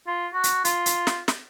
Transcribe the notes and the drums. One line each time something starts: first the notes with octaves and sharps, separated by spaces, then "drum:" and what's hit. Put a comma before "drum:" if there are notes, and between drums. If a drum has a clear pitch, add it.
F4
F#4
drum: hi-hat
F4, drum: hi-hat
drum: hi-hat
drum: snare
drum: snare